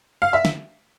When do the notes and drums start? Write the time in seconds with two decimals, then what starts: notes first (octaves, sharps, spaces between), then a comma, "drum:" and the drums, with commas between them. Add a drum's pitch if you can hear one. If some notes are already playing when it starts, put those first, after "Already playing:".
0.22 F5
0.33 E5
0.45 drum: snare